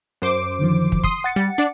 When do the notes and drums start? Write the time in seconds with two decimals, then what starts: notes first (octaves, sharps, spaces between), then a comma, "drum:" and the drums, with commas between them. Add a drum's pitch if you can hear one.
0.22 F#2 C5 D6
0.59 D3 D#3 F3
0.92 drum: kick
1.04 C6 D#6, drum: kick
1.24 F#5 A6 C#7
1.36 G3
1.58 D4 D5